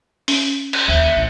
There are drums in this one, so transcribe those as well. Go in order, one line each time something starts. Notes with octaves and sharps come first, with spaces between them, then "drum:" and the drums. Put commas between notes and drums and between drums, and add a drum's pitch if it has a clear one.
C#4, drum: open hi-hat
drum: cymbal
D#2 E5
A#1